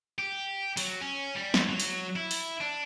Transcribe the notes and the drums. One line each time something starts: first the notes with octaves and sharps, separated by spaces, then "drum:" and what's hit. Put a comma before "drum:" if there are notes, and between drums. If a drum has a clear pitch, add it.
G4
F#3, drum: open hi-hat
C#4
G3
drum: snare
F#3
drum: open hi-hat
E4
drum: open hi-hat
D4